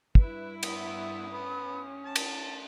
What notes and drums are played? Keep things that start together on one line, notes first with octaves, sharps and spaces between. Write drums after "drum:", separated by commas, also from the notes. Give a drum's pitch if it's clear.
G2 E4 B4, drum: kick
B3 D#6, drum: cymbal
B3 C#4
A5
drum: cymbal